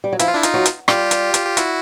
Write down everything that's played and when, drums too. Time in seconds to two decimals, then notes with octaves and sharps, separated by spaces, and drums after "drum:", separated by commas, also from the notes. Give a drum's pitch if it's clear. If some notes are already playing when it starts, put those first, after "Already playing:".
0.04 G3
0.13 F#3
0.19 F3 E4, drum: hi-hat
0.28 F4
0.34 D4 E4
0.43 D#4 F4, drum: hi-hat
0.54 F#3
0.66 drum: hi-hat
0.88 G3 F4 G4, drum: rim click
1.11 drum: hi-hat
1.34 drum: hi-hat
1.46 G4
1.57 E4 F#4, drum: hi-hat